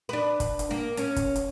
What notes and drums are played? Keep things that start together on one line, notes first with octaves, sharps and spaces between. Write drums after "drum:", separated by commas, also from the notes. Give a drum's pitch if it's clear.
D4 B4
drum: kick, hi-hat
drum: hi-hat
A#3
C#4, drum: hi-hat
drum: kick, hi-hat
drum: hi-hat